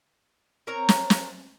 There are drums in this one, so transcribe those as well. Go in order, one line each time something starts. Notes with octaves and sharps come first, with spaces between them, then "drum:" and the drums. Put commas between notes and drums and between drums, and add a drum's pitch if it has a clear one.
C4 A#4 C#5 A#5
drum: snare
drum: snare